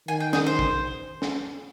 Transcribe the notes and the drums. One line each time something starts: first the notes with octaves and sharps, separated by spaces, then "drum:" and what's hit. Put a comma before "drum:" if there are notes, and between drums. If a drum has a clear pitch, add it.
D#3 G#5
G5
G#4, drum: snare
C5
drum: kick
drum: snare